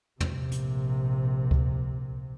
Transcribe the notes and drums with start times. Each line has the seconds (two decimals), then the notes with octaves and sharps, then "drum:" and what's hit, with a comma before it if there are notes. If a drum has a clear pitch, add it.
0.20 A#1 C3, drum: tom
0.51 drum: hi-hat
1.51 drum: kick C#2